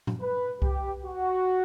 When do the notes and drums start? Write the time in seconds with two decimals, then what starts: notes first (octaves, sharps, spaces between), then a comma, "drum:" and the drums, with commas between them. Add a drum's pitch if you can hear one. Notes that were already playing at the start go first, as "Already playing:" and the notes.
0.07 drum: tom A#2
0.21 B4
0.62 G4, drum: kick C2
1.04 F#4